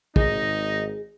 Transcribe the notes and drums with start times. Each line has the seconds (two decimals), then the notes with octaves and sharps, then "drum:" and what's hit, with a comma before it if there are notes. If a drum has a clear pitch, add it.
0.16 G#1 D#4 G#4 D#5, drum: kick